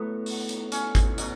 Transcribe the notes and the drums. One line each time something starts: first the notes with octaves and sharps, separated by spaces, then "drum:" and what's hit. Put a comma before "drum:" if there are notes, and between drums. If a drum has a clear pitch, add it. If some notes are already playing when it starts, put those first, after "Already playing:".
Already playing: A2 F#3 B3 F#4 A4
drum: open hi-hat
drum: hi-hat
C#4, drum: hi-hat
drum: kick G#1, hi-hat
B2 F#3, drum: hi-hat